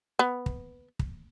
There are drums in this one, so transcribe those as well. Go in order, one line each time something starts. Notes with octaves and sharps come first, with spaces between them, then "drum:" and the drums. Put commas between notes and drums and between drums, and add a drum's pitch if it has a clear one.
B3
drum: kick
drum: kick